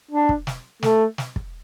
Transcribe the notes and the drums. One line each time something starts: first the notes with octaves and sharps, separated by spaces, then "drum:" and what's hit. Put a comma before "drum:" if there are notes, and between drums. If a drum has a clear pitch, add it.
D4
drum: kick
drum: snare
A3, drum: snare
drum: snare
drum: kick